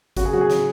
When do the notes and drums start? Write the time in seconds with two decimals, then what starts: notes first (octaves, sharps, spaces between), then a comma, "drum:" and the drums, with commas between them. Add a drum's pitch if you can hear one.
0.17 C#3 F#4, drum: kick, hi-hat
0.25 G#4
0.33 F#3 F#4
0.41 G#4
0.50 C#3, drum: snare